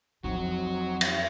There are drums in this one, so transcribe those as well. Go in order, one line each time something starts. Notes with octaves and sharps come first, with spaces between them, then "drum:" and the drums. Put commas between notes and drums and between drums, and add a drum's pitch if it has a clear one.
F2 F#3 C4 D#4 F#4
drum: cymbal